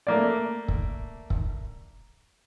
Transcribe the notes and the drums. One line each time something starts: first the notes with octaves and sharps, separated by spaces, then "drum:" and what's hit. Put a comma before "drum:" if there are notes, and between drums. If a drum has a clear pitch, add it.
A3 A#3 D5
drum: kick
drum: kick